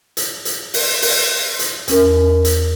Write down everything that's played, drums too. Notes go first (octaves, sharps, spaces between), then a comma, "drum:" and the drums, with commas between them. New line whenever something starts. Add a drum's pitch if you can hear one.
drum: hi-hat
drum: hi-hat
drum: open hi-hat
drum: open hi-hat
drum: hi-hat
E2 C#4 A#4, drum: hi-hat
drum: hi-hat